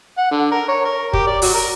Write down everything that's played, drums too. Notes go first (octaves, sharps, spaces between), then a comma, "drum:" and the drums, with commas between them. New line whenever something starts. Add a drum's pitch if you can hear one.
F#5
D3
A#4
C#5
A#4
G4, drum: kick
D5
F#3, drum: open hi-hat
A#4